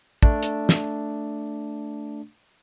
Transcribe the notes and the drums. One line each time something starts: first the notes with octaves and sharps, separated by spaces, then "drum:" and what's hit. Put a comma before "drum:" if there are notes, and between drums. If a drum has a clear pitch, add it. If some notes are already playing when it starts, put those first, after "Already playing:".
A3 D4, drum: kick
drum: hi-hat
drum: snare